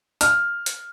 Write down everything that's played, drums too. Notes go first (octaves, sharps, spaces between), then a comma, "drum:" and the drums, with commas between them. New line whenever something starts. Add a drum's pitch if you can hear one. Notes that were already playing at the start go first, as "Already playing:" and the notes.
F6, drum: hi-hat
drum: hi-hat